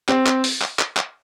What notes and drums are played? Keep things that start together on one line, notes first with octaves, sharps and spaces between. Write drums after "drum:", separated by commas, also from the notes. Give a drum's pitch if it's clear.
C4, drum: clap
drum: clap
drum: open hi-hat
drum: clap
drum: clap
drum: clap